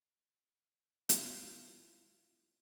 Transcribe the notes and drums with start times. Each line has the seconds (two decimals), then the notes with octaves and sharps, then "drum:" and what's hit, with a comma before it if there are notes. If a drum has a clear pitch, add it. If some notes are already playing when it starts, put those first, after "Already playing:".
1.09 E4 F4 F5, drum: hi-hat